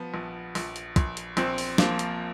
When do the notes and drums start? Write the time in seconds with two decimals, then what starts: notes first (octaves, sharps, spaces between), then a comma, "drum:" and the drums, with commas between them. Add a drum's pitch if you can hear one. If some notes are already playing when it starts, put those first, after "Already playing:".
Already playing: F3 B3
0.14 A#1
0.55 A#1, drum: open hi-hat
0.76 drum: hi-hat
0.96 A#1, drum: kick, hi-hat
1.17 drum: hi-hat
1.37 A#1 C4, drum: hi-hat
1.58 drum: open hi-hat
1.78 F3 A#3, drum: snare
1.99 drum: hi-hat